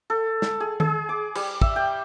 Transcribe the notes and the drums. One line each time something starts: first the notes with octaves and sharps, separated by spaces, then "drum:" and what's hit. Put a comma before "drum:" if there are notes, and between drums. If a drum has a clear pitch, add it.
A4
drum: snare
G#4
G#4, drum: tom D#3
D6
G3, drum: cymbal
E5, drum: kick
G5